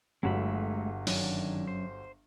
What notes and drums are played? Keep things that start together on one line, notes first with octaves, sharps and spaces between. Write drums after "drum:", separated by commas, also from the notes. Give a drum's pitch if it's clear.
G1 F#3 G#3 A3 B5
F#2 D#3 D4 G#5, drum: open hi-hat
C5